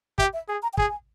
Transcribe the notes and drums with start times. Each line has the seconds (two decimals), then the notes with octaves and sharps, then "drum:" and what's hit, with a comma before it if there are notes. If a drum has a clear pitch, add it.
0.18 G4 E5, drum: kick
0.33 E5
0.48 G#4 G#5
0.63 A#5
0.73 G5
0.77 G#4 G#5, drum: kick